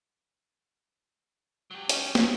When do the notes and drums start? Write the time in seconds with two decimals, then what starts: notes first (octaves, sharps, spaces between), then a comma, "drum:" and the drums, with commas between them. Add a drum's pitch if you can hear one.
1.71 F#3 G4
1.89 C#4, drum: hi-hat
2.15 drum: snare